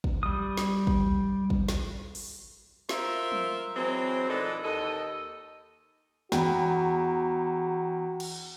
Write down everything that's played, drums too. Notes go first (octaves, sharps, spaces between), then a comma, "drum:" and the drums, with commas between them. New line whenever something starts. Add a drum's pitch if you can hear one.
drum: kick
G3 D#6
drum: snare
drum: kick
drum: kick
drum: snare
drum: open hi-hat
F4 A#4 C5 E5, drum: snare
drum: tom
E3 F#3 G#3 C4
A#2 E3 D4 D#4 A4 B4
D#2 A4 D#5
E2 F#4 G5 A#5 B5, drum: snare
drum: cymbal